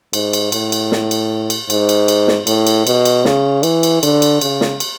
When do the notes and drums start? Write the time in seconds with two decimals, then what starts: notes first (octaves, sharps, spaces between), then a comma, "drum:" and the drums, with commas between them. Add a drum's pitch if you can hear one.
0.13 G#2, drum: cymbal
0.33 drum: cymbal
0.52 A2, drum: cymbal
0.72 drum: cymbal
0.92 drum: snare
1.11 drum: cymbal
1.50 drum: cymbal
1.70 G#2, drum: cymbal
1.89 drum: cymbal
2.08 drum: cymbal
2.28 drum: snare
2.47 A2, drum: cymbal
2.67 drum: cymbal
2.87 B2, drum: cymbal
3.05 drum: cymbal
3.25 C#3, drum: snare
3.63 E3, drum: cymbal
3.83 drum: cymbal
4.03 D3, drum: cymbal
4.22 drum: cymbal
4.41 C#3, drum: cymbal
4.61 drum: snare
4.80 drum: cymbal